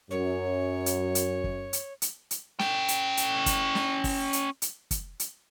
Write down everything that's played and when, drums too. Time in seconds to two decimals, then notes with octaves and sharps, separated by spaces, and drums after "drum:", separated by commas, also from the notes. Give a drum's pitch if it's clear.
0.11 F#2 C#5
0.86 drum: hi-hat
1.15 drum: hi-hat
1.44 drum: kick
1.73 drum: hi-hat
2.02 drum: hi-hat
2.31 drum: hi-hat
2.60 C#4 G5, drum: snare
2.88 drum: hi-hat
3.17 drum: hi-hat
3.46 drum: kick, hi-hat
3.75 drum: snare
4.04 drum: kick, open hi-hat
4.33 drum: hi-hat
4.62 drum: hi-hat
4.91 drum: kick, hi-hat
5.20 drum: hi-hat